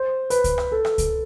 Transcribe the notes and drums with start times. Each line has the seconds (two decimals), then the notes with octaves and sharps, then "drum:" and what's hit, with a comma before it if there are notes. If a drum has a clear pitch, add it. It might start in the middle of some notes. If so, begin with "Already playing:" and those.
Already playing: C5
0.30 B4, drum: hi-hat
0.44 drum: kick C#2, hi-hat
0.58 drum: rim click
0.72 A4
0.85 drum: rim click
0.98 drum: kick C#2, hi-hat